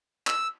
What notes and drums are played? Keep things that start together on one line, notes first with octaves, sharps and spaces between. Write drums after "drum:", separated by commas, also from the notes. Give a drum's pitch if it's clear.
E6, drum: clap